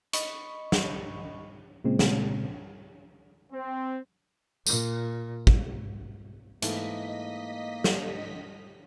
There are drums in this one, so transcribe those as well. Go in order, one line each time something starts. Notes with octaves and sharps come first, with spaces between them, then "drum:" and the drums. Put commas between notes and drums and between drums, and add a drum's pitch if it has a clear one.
D#5 B5 C#6, drum: hi-hat
drum: snare
A#2 C#3 G#3 C4
drum: snare
C4
A#2, drum: tambourine
drum: kick
G#2 E3 A3 A#3 D#5 B6, drum: hi-hat
drum: snare